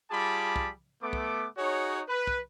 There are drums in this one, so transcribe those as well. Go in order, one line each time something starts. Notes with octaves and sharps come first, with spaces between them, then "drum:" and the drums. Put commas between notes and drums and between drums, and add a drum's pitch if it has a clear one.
G3 F4 G#4 A5 B5 D6
drum: kick
A3 B3 D6
drum: kick
D#4 F#4 G#4 C#5
B4
drum: kick